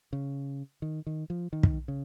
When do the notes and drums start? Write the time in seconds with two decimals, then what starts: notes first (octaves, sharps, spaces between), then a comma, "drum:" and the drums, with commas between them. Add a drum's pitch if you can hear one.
0.13 C#3
0.82 D#3
1.07 D#3
1.30 F3
1.53 D#3
1.63 drum: kick
1.88 C#3